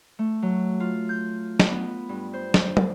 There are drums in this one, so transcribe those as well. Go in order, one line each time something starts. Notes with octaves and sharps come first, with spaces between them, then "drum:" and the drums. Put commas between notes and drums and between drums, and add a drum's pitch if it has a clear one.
A3
F#3
F4
G6
drum: snare
B3
G2
C5
drum: snare
D5, drum: tom